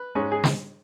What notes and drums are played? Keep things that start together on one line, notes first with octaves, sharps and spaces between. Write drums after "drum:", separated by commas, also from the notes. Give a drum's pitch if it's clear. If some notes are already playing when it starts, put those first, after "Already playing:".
Already playing: B4
G#2 G#3 C#4
G#4
drum: snare